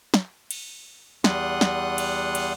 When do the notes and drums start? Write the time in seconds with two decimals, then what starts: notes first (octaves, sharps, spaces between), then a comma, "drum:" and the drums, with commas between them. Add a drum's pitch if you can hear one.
0.14 drum: snare
0.51 drum: cymbal
1.24 E2 G3 F#5 C6 D#6 F#6, drum: snare
1.61 drum: snare
1.98 drum: cymbal
2.35 drum: cymbal